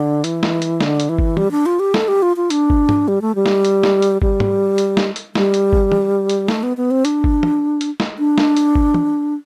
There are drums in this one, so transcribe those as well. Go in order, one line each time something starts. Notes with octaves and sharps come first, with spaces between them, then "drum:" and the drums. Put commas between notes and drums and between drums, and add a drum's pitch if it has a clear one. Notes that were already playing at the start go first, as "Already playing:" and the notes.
Already playing: D3
E3, drum: hi-hat
drum: snare
drum: hi-hat
D3, drum: snare
drum: hi-hat
E3
drum: kick G1
G3, drum: tom
D4
F4
G4
A4, drum: snare
G4
F4
F4
D4, drum: hi-hat
drum: kick G1
drum: tom
G3
A3
G3
drum: snare
drum: hi-hat
drum: snare
drum: hi-hat
G3, drum: kick G1
drum: tom
drum: hi-hat
drum: snare
drum: hi-hat
G3, drum: snare
drum: hi-hat
drum: kick G1
drum: tom
drum: hi-hat
A3, drum: snare
B3
B3
C4
D4, drum: hi-hat
drum: kick G1
drum: tom
drum: hi-hat
drum: snare
D4
drum: snare
drum: hi-hat
drum: kick G1
drum: tom